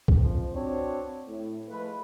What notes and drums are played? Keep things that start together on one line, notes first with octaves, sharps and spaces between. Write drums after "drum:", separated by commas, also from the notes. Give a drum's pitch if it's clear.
drum: kick B1
F2 F3
C4 D4 F#4 C#5
A2
F3 G#3 A3 F4 B4